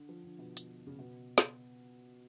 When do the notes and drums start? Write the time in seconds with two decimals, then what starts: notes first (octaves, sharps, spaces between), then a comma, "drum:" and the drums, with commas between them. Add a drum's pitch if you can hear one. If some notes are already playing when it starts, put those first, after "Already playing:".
Already playing: D3
0.09 F3
0.24 D3
0.38 B2
0.57 drum: hi-hat
0.87 C#3
0.98 B2
1.38 drum: snare